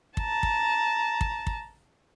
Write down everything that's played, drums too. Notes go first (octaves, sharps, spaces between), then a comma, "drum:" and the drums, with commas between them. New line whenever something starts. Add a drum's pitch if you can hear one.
A5 A#5, drum: kick
drum: kick
drum: kick
drum: kick